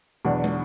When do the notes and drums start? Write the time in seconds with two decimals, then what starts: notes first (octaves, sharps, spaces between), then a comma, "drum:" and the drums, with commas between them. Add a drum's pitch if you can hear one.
0.25 E2 B2 F#3 D4
0.44 drum: tom